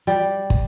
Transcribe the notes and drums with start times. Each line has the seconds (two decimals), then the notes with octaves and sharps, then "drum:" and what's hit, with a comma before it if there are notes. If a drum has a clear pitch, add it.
0.07 G3
0.50 drum: kick